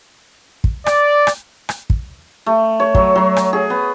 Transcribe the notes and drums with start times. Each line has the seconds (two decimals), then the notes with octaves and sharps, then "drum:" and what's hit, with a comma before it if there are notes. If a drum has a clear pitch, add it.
0.64 drum: kick
0.86 D5, drum: rim click
1.27 drum: rim click
1.69 drum: rim click
1.90 drum: kick
2.46 A3
2.80 C#5
2.95 F#3, drum: kick
3.16 F#3
3.36 drum: rim click
3.53 G#4
3.70 B3